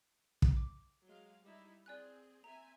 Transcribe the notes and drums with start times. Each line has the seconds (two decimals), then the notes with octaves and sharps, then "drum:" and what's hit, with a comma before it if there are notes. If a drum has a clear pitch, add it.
0.42 drum: kick
0.57 D6
1.05 F#3 G#3 F5
1.42 G3 D#4 E4
1.86 C4 G#4 D5 G#5 F#6
2.44 C4 E5 G#5 A#5